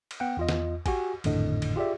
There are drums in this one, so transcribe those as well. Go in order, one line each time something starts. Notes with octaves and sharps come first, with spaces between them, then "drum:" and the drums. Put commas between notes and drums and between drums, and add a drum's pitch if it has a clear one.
drum: cymbal
B3 F#5 G5
E2 F4 D#5
drum: snare
F#4 G4 G#5, drum: kick G#1, cymbal
G#1 F2 A2 D3 D#5, drum: cymbal
drum: cymbal
F4 G4 G#4 D5 E5